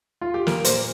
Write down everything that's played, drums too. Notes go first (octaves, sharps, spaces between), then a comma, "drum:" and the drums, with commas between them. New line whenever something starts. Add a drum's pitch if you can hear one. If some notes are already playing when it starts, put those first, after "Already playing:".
F4
G4
A#3 A#4, drum: snare
A#2 C5, drum: hi-hat